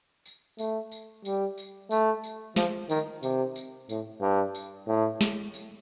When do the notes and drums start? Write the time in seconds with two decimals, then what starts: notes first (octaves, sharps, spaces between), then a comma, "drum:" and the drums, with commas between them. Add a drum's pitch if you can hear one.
0.26 drum: tambourine
0.59 A3, drum: tambourine
0.92 drum: tambourine
1.25 G3, drum: tambourine
1.58 drum: tambourine
1.91 A3, drum: tambourine
2.24 drum: tambourine
2.56 F3, drum: snare
2.89 D#3, drum: tambourine
3.23 C3, drum: tambourine
3.56 drum: tambourine
3.89 A2, drum: tambourine
4.21 G2
4.55 drum: tambourine
4.87 A2
5.21 drum: snare
5.54 drum: tambourine